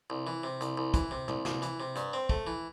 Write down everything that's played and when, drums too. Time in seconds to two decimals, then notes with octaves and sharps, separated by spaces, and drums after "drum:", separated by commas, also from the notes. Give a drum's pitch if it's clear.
0.10 C2
0.27 E3
0.43 C3
0.61 C2, drum: hi-hat
0.78 C2
0.94 E3, drum: kick, hi-hat
1.11 C3
1.28 C2, drum: tom
1.45 C2, drum: snare
1.62 E3, drum: hi-hat
1.80 C3
1.96 G2, drum: hi-hat
2.13 C4
2.29 A3, drum: kick
2.47 E3